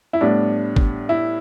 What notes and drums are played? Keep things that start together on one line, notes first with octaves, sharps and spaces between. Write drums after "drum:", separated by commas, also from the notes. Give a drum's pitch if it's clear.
E4
A2 G3 B3 D4
drum: kick
E4